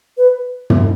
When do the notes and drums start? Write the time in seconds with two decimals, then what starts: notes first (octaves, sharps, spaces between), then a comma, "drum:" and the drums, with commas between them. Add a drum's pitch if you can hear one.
0.18 B4
0.70 drum: tom